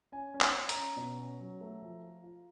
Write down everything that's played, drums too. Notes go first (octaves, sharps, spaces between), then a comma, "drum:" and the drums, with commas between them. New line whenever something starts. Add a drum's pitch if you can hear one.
C#4 G#5
C#4
G#5, drum: clap
C#4
A#5, drum: hi-hat
C#4
B2
C#4
F#3
A3
F3
F4
F4